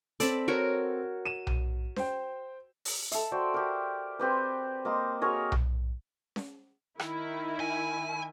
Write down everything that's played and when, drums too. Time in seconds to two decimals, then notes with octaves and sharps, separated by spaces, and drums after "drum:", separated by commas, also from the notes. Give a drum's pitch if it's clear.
0.20 C4 A4 D5 A5 B5, drum: hi-hat
0.48 F#4 A#4 C#5
1.25 D#7 E7
1.47 drum: tom B1
1.96 C5 G5, drum: snare C#4
2.85 drum: open hi-hat
3.12 A4 E5, drum: hi-hat
3.32 F#4 C5 D5 G5
3.54 G4 A#4
4.19 C4 G4 B4
4.85 A#3 D#5 A#5 C6
5.22 F#4 G#4 A#4 C#5
5.52 drum: tom B1
6.36 drum: snare C#4
6.99 D#3 E4, drum: rim click
7.60 G#5